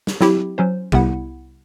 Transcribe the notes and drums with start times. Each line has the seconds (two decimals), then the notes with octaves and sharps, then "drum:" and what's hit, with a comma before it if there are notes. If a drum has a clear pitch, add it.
0.07 drum: snare
0.21 F#3 C4 E4 G4, drum: snare
0.58 F#3 C#4 C5
0.92 C2 C3 G3 B3 E4 F#5, drum: kick